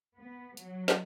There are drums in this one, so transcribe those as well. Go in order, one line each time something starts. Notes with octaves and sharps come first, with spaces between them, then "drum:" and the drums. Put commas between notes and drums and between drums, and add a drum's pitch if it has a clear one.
B3
F#3, drum: hi-hat
drum: snare